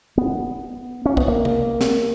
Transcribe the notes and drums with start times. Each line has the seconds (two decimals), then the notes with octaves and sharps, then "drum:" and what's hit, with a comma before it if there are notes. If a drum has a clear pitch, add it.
0.18 B3
1.06 C#4
1.17 B3, drum: kick
1.28 A#3
1.45 drum: tom
1.81 drum: snare